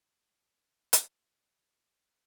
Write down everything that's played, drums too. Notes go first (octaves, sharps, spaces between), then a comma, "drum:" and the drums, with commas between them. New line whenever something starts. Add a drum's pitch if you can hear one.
G#4
A2 D#3 D4
drum: hi-hat
C#4 F4
G#3 D#4 F5
B4 A5